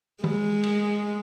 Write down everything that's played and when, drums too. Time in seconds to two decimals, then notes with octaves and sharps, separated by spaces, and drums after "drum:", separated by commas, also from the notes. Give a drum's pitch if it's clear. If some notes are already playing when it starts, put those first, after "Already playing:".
0.24 G#3, drum: tom D#3
0.63 drum: cymbal